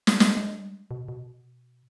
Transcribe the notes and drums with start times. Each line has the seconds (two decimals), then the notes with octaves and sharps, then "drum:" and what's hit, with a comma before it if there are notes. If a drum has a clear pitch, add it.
0.07 drum: snare
0.20 G#3, drum: snare
0.37 G#3
0.55 G3
0.91 B2
1.08 B2